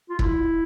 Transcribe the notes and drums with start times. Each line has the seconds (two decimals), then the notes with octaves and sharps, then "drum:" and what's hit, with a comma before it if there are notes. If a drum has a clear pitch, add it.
0.09 F4
0.19 E4, drum: kick E1